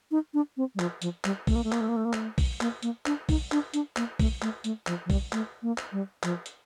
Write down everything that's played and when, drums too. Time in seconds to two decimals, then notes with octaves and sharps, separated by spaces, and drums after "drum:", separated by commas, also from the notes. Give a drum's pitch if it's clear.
0.11 D#4
0.34 D4
0.57 C4
0.75 G3
0.79 F3, drum: clap
1.02 F3, drum: hi-hat
1.24 G3, drum: clap
1.47 A3, drum: kick, open hi-hat
1.55 A#3
1.64 A3
1.72 A#3, drum: clap
1.81 A3
1.89 A#3
1.97 A3
2.05 A#3
2.13 A3, drum: clap
2.38 drum: kick, open hi-hat
2.61 A#3, drum: clap
2.83 A#3, drum: hi-hat
3.06 D4, drum: clap
3.29 D#4, drum: kick, open hi-hat
3.52 D4, drum: clap
3.74 D4, drum: hi-hat
3.96 A#3, drum: clap
4.19 A3, drum: kick, open hi-hat
4.42 A3, drum: clap
4.64 A3, drum: hi-hat
4.87 F3, drum: clap
5.06 F3
5.10 G3, drum: kick, open hi-hat
5.32 A3, drum: clap
5.62 A#3
5.78 drum: clap
5.92 G3
6.23 F3, drum: clap
6.46 drum: hi-hat